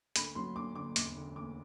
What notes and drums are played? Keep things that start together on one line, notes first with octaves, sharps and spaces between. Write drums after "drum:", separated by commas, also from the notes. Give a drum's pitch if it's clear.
D2 B5, drum: hi-hat
F#3 C6
D2 D6
D3 D6
E1 D6, drum: hi-hat
D3
D2 D6